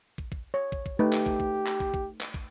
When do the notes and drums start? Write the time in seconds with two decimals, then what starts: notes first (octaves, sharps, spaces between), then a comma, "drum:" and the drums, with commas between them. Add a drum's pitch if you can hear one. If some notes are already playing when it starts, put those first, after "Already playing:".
0.18 drum: kick
0.32 drum: kick
0.54 C#5
0.72 drum: kick
0.86 drum: kick
0.99 A3 D#4 G4 B4
1.13 drum: clap
1.26 drum: kick
1.40 drum: kick
1.67 drum: clap
1.80 drum: kick
1.94 drum: kick
2.21 drum: clap
2.34 drum: kick